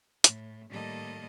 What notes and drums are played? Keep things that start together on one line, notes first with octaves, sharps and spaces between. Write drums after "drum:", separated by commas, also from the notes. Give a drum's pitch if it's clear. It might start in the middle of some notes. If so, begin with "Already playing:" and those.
A2, drum: hi-hat
A2 D#3 G3 A#3 A4 D#5